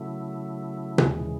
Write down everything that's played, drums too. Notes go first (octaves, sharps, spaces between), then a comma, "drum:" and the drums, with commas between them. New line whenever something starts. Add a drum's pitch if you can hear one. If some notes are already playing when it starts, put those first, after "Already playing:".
Already playing: C#3 F#3 A3 E4
D#2 C#3 E3 G#3, drum: tom B2